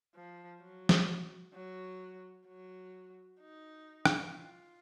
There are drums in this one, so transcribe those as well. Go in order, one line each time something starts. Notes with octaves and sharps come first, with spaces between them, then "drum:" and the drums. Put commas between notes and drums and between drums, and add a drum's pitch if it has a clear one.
F3
F#3
drum: snare
F#3
F#3
D#4
drum: rim click
F4